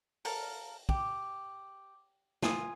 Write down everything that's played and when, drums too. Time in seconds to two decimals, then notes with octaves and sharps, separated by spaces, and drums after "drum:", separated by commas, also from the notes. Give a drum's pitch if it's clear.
0.25 A4 A#4 F5, drum: open hi-hat
0.89 G4, drum: kick
2.42 F4 G#5 D#6, drum: snare